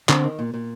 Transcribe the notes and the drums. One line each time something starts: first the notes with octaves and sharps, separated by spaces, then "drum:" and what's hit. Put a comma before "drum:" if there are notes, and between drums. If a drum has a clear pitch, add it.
D3 C4, drum: clap
D#3
A#2
A#2